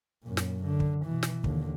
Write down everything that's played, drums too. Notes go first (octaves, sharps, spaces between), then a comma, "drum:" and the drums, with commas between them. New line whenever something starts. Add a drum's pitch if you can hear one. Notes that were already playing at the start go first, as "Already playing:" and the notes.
F#2 A#2
drum: snare
D3
drum: kick
B2 E3
drum: snare
D#2 D3, drum: kick